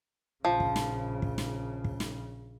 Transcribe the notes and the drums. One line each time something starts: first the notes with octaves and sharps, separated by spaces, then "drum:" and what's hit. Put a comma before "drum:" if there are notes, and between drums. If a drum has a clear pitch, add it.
A#1 C#3 F3
drum: kick
drum: snare
drum: kick
drum: snare
drum: kick
drum: snare